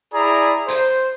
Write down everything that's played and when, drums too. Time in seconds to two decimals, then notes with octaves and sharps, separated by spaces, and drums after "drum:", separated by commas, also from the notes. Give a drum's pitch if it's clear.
0.13 E4 G#4 D5 A#5
0.68 C5, drum: hi-hat